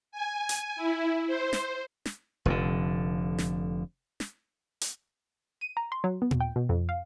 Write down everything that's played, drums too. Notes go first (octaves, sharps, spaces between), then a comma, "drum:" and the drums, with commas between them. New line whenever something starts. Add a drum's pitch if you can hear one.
G#5
drum: hi-hat
E4
C5
drum: snare
drum: snare
F1 F2 A2 D3
drum: snare
drum: snare
drum: hi-hat
D#7
A#5
C6
F#3
B3
drum: tom A#2
G5
B2
F2
F5